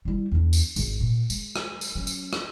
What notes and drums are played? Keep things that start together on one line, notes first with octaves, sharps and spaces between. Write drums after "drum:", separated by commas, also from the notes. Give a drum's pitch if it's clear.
G3 E4
E2 D4
drum: tambourine
G#1 D3, drum: tambourine
A#2
G#3, drum: tambourine
drum: rim click
drum: tambourine
F#3 C#4
drum: tambourine
drum: rim click